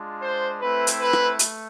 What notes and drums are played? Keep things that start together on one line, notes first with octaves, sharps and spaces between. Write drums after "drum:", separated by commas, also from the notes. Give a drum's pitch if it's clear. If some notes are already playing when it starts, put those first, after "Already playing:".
Already playing: G#3 D4 F4
C5
A3 C4 E4 B4
drum: hi-hat
B4
drum: rim click
A3, drum: hi-hat